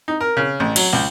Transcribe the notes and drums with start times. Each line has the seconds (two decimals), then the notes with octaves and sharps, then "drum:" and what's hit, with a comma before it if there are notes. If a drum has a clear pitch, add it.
0.08 D#4
0.21 A#4
0.37 C#3
0.60 A1
0.76 F#3, drum: cymbal
0.93 C#2